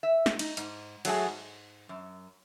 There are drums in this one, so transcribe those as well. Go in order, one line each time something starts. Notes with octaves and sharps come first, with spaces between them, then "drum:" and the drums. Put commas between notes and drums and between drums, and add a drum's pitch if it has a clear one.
E5
drum: snare
D#4, drum: cymbal
G#2, drum: hi-hat
F#3 G#3 A3 B3 G#4 G#5, drum: cymbal
G#2
F#2